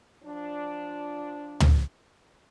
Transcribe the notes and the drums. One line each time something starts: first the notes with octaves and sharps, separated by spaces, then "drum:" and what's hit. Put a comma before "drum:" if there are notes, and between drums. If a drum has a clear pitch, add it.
F3 D4
drum: tom